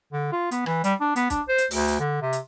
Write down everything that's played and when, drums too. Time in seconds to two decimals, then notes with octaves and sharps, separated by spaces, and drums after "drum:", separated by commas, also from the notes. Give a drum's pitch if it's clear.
0.12 D3
0.32 F4
0.51 B3, drum: hi-hat
0.66 E3, drum: rim click
0.84 G3, drum: hi-hat
1.00 D4
1.16 B3, drum: hi-hat
1.30 D4, drum: kick, hi-hat
1.49 C5
1.58 drum: hi-hat
1.71 D2, drum: open hi-hat
1.88 drum: hi-hat
1.99 D3
2.22 C3
2.33 drum: hi-hat